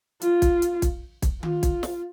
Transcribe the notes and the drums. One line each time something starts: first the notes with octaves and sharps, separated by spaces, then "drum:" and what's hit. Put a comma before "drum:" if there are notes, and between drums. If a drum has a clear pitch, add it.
F4, drum: hi-hat
drum: kick, hi-hat
drum: hi-hat
drum: kick, hi-hat
drum: kick, hi-hat
F4, drum: tom D#3
drum: kick, hi-hat
drum: snare